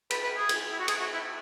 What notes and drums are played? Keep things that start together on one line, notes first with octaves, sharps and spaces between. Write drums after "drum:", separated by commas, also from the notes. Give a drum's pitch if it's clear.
B4, drum: cymbal
B4
G#4
drum: cymbal
E4
F#4
G#4, drum: cymbal
F#4
E4